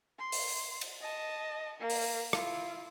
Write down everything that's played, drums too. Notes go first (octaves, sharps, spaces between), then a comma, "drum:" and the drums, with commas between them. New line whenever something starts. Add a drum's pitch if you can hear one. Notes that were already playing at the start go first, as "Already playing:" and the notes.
C6
drum: open hi-hat
drum: cymbal
D#5 A5
A#3
drum: open hi-hat
E4 F4, drum: rim click